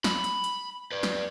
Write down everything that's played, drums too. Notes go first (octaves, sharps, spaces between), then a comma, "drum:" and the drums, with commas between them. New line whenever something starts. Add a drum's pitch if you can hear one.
B5, drum: snare
drum: hi-hat
drum: hi-hat
B4 D5
drum: snare